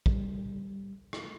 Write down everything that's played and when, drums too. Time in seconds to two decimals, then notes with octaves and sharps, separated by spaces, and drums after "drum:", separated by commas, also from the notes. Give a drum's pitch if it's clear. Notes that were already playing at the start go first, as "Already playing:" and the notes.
0.06 G3, drum: kick
1.13 drum: rim click